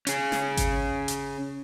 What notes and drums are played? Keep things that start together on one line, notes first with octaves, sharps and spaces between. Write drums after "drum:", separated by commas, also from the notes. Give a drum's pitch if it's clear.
C#4 G#4, drum: hi-hat
drum: snare
drum: kick G#1, hi-hat
drum: hi-hat